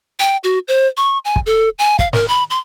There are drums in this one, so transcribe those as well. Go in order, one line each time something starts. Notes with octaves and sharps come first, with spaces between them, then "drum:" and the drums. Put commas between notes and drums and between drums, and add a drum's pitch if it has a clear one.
G5
F#4
C5
C#6
G#5
drum: kick
A4
G#5
F5, drum: kick
A#4, drum: snare
B5
C6